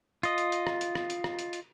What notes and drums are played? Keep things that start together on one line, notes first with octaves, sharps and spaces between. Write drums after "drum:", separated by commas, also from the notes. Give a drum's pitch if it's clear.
F4 D#5, drum: hi-hat
drum: hi-hat
drum: hi-hat
drum: rim click
drum: hi-hat
drum: rim click
drum: hi-hat
drum: rim click
drum: hi-hat
drum: hi-hat